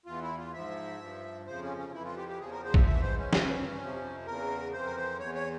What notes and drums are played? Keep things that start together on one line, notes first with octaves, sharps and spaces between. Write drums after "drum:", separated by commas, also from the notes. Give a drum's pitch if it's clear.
E2 E3 F4
E4
F4
G#2 F3 E5
G2 F3
F2 C#3 F3 C5
C#4
C#4
F2 E3 E4
F4
G4
G4
E2 C#3 F3 G#4
A#4
C5
E5, drum: kick A1
G#2 E3 E5
C5
C#4
G2 E3, drum: snare
F2 C3 F3
E2 C#3 E3 A#4
F2 E3 C5
A#4
C5
E2 E3 C#5
C#5